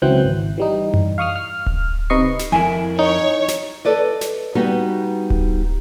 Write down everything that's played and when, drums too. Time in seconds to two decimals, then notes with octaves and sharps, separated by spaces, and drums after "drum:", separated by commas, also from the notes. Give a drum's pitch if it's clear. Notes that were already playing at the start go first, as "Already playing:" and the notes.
0.02 C#2 E3 F#3 C4 F#6 G6
0.24 G#1
0.58 E3 G3 D#4
0.94 drum: tom F#2
1.18 F5 C#6 D#6 F6
1.36 F6
1.66 drum: kick D1
2.10 C3 D#4 B4 D#5 C#6 C7
2.39 drum: snare
2.52 F2 E4 A#4 G#5
2.99 D#4 C#5
3.48 drum: snare
3.85 A4 B4 D5 D#5
4.21 drum: snare
4.55 G3 B3 D#4 F#4
5.30 drum: kick D1